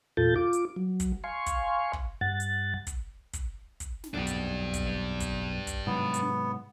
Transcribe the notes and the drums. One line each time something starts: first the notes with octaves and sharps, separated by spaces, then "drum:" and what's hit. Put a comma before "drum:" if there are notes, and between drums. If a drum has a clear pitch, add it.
E2 A#2 F4 A4 G6 A6
F4 D6
drum: hi-hat
F#3
drum: kick, hi-hat
F5 G#5 C6 C#6
drum: kick, hi-hat
drum: kick
G2 F#5 A6
drum: hi-hat
drum: kick, hi-hat
drum: kick, hi-hat
drum: kick, hi-hat
drum: snare
B1 F2 G#2 D4 G4
drum: hi-hat
drum: kick, hi-hat
drum: kick, hi-hat
drum: kick, hi-hat
G#2 C3 F#3 B3
drum: hi-hat